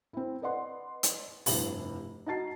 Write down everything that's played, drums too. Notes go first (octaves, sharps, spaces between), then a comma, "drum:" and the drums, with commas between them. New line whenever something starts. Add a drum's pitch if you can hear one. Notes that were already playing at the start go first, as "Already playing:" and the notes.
C4 E4
B4 D5 D#5 F#5 C6
drum: hi-hat
F1 G2 C3 E4, drum: open hi-hat
D#4 F#4 A5 A6 C7